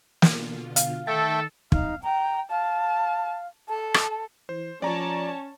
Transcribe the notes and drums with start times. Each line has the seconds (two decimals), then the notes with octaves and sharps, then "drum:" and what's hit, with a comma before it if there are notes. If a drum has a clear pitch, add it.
0.22 B2 D3 F4, drum: snare
0.76 F5, drum: hi-hat
1.07 D#3 A3 A4 E5 G5 A6
1.72 D#4 F5, drum: kick
2.03 G5 A#5
2.51 F5 A5
3.69 A4 A5
3.94 drum: rim click
4.49 E3 C5
4.82 F3 C#4 C#5 D5 A5 A#5